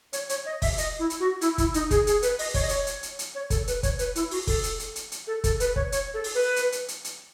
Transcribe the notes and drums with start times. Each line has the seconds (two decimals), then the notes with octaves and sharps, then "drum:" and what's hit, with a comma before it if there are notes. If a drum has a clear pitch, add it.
0.13 C#5, drum: hi-hat
0.29 C#5, drum: hi-hat
0.46 D#5
0.62 E5, drum: kick, open hi-hat
0.78 D#5, drum: hi-hat
0.99 E4
1.10 drum: hi-hat
1.20 F#4
1.41 E4, drum: hi-hat
1.58 E4, drum: kick, hi-hat
1.74 D#4, drum: hi-hat
1.91 G#4, drum: kick, hi-hat
2.07 G#4, drum: hi-hat
2.22 B4, drum: hi-hat
2.39 D#5, drum: open hi-hat
2.54 C#5, drum: kick, open hi-hat
2.62 D#5
2.69 C#5, drum: hi-hat
2.87 drum: hi-hat
3.03 drum: hi-hat
3.19 drum: hi-hat
3.35 C#5
3.50 A4, drum: kick, hi-hat
3.67 B4, drum: hi-hat
3.83 C#5, drum: kick, hi-hat
3.99 B4, drum: hi-hat
4.15 E4, drum: hi-hat
4.31 F#4, drum: open hi-hat
4.47 A4, drum: kick, open hi-hat
4.63 drum: hi-hat
4.79 drum: hi-hat
4.96 drum: hi-hat
5.12 drum: hi-hat
5.27 A4
5.44 A4, drum: kick, hi-hat
5.60 B4, drum: hi-hat
5.76 C#5, drum: kick
5.92 C#5, drum: hi-hat
6.14 A4
6.24 drum: open hi-hat
6.35 B4
6.56 drum: hi-hat
6.72 drum: hi-hat
6.88 drum: hi-hat
7.04 drum: hi-hat